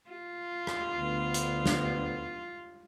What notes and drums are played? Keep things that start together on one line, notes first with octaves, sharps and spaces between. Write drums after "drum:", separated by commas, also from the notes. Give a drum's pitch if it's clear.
F4
drum: rim click
D2 B3
drum: hi-hat
drum: snare